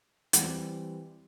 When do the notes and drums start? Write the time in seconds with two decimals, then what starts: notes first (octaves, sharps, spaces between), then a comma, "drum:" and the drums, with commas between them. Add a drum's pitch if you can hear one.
0.33 E3 G3 C4, drum: hi-hat